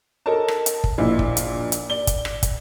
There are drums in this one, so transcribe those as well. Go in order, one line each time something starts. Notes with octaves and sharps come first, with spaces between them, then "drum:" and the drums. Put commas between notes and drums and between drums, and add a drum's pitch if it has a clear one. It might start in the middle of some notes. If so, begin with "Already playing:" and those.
A4 A#4 C#5 D#5 A5
drum: rim click
drum: hi-hat
drum: kick
A#1 A#2 E4 D#5
drum: kick
drum: hi-hat
drum: hi-hat
D5 G7
drum: kick, hi-hat
drum: rim click
drum: kick, hi-hat